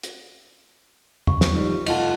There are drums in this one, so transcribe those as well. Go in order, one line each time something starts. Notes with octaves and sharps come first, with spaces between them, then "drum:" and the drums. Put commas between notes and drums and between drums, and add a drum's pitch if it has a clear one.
drum: hi-hat
C#6, drum: tom E2
drum: snare
D#3 F3 G3
F1 F4 D#5 F#5 A5 F7, drum: cymbal